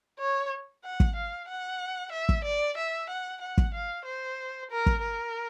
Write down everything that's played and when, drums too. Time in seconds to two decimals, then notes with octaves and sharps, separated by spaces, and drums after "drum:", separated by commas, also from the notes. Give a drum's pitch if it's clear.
0.19 C#5
0.84 F#5
1.00 drum: kick
1.16 F5
1.48 F#5
2.12 E5
2.29 drum: kick
2.44 D5
2.77 E5
3.10 F#5
3.41 F#5
3.58 drum: kick
3.74 F5
4.06 C5
4.71 A#4
4.86 drum: kick
5.03 A#4